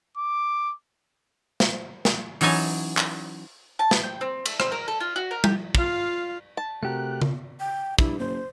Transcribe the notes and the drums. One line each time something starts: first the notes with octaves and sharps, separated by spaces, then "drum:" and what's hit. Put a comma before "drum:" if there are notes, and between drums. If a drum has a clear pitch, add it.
D6
drum: snare
drum: snare
E3 F#3 C#4 D#4 G#5 A5, drum: open hi-hat
drum: clap
A5
B3, drum: snare
G5
C4
A3, drum: cymbal
C4, drum: rim click
A#4
A4
F4
F#4
A#4
G4, drum: tom G3
F4 F5, drum: kick
A5
C3 A3 C4 F#4 G4 A#4 F#6
drum: tom C#3
G5
G2 E4, drum: kick
F#1 C5